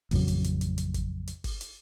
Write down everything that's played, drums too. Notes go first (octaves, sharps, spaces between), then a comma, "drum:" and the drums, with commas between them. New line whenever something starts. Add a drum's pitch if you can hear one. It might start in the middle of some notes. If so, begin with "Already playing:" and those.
A1 F2 C#3 F#3, drum: kick G1, open hi-hat
drum: hi-hat
drum: hi-hat
drum: hi-hat
drum: hi-hat
drum: kick G1, hi-hat
drum: hi-hat
drum: kick G1, open hi-hat
drum: hi-hat